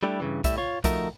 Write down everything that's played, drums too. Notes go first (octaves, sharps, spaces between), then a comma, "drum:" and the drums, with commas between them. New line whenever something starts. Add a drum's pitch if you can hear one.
G3 A3 D4 E4 G4
G2 C#3 E3
A2 G3 E5, drum: kick B1, hi-hat
F4 C#5
F3 A3 D#4 F#4 A#4 E5, drum: kick B1, hi-hat